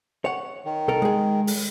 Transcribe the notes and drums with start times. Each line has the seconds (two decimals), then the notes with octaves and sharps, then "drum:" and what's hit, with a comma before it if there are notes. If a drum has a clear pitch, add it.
0.25 C#5 F#5
0.65 D#3
0.88 C2 A4 A#4
1.02 G#3 G#4
1.47 drum: open hi-hat